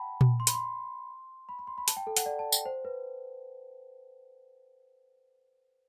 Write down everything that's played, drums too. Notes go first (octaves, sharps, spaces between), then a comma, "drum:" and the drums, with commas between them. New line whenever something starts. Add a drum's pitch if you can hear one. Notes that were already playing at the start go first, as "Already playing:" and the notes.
Already playing: F#5 G5 A5 B5
drum: tom A#2
C6
B5, drum: hi-hat
C6
B5
B5
C6
B5
A5, drum: hi-hat
G5
A4
F#5, drum: hi-hat
D5
A5
G5, drum: tambourine
C5
B4